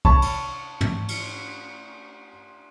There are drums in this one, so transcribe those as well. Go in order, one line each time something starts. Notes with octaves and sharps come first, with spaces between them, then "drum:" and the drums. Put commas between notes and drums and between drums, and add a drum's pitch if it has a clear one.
C#5 A5 B5 C#6, drum: kick
drum: cymbal
drum: tom
drum: cymbal